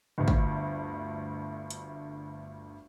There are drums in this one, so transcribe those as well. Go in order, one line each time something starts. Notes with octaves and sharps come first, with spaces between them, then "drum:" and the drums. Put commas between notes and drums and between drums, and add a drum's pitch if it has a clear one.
G1 D2
drum: kick
drum: hi-hat